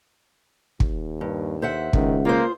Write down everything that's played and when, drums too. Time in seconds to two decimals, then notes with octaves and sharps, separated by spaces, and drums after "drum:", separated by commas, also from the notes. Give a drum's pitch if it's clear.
0.80 D#2, drum: kick
1.21 G2
1.62 C5 E5 F#5
1.93 C#2 D#3, drum: kick
2.25 A#3 F4 G#4 C5